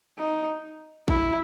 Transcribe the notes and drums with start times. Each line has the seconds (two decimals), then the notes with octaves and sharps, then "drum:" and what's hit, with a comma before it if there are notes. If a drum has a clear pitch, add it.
0.18 D#4
1.08 E4, drum: kick A1